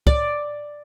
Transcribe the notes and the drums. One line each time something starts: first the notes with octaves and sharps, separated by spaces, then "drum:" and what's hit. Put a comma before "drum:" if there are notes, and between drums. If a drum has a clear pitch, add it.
D5, drum: kick